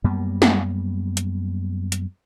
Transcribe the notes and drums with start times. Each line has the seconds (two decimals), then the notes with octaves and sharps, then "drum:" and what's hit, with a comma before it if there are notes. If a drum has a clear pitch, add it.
0.04 F#2 G3 A#3 B3
0.42 drum: snare
1.17 drum: hi-hat
1.92 drum: hi-hat